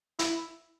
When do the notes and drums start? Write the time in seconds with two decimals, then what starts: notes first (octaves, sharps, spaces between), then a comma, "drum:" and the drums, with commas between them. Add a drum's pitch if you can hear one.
0.19 E4, drum: hi-hat